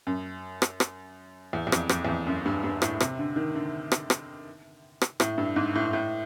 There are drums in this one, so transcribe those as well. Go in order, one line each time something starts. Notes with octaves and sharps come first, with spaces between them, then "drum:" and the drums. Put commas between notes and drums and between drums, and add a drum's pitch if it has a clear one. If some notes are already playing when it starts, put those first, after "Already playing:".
F#2
drum: rim click
drum: rim click
E2
E2
F2, drum: rim click
F2, drum: rim click
E2
F2
F#2
G2
G2
A2, drum: rim click
C3, drum: rim click
D3
D#3
D3
drum: rim click
drum: rim click
drum: rim click
A2, drum: rim click
G2
G#2
A2
A2